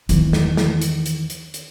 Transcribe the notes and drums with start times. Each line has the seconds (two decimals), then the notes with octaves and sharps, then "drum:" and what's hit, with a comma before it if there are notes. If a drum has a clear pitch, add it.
0.09 E2 D#3, drum: hi-hat
0.33 drum: snare
0.57 drum: snare
0.82 drum: hi-hat
1.06 drum: hi-hat
1.30 drum: hi-hat
1.54 drum: hi-hat